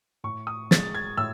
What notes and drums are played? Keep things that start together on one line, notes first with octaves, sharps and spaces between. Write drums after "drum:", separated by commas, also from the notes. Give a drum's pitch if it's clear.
A2 C#6
D#6
G#3 A6, drum: snare
G#6
A2 E6